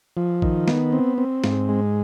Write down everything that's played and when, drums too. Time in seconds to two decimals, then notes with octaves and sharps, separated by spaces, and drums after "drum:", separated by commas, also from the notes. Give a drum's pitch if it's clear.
0.17 F3
0.42 D#3, drum: kick
0.68 B3, drum: snare
0.92 C4
1.18 C4
1.44 G#2, drum: snare
1.69 G#3